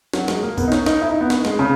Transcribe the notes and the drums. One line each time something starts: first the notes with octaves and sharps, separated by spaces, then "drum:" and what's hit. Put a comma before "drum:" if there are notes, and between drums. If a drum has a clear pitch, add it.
F#3, drum: snare
G#3, drum: snare
A#3
B3, drum: kick B1, tambourine
D#4
C#4, drum: snare
D#4, drum: snare
E4
D#4
B3
drum: snare
G#3, drum: snare
C#3